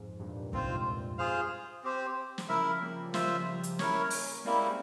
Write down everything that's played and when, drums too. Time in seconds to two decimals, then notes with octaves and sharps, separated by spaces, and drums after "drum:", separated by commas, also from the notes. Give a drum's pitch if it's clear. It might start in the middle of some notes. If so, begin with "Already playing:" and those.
Already playing: F2 G#2
0.19 G2 A#2
0.53 G#2 C3 C4 F4 C5, drum: kick
1.18 F4 G#4 C5 F5
1.84 C4 G4 C5
2.38 drum: snare
2.49 C#3 F3 E4 A#4 E5
2.81 G3 A#3
3.14 F4 C5 E5, drum: snare
3.63 drum: hi-hat
3.79 A#3 C#4 E4 A#4 C#5, drum: snare
4.10 drum: open hi-hat
4.45 G3 G#3 A#3 C4 E4